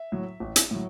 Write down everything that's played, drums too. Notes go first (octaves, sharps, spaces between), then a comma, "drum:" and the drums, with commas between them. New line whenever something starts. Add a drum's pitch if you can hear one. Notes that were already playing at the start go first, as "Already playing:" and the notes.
Already playing: E5
A2 F#3
A1
drum: hi-hat
A2 F#3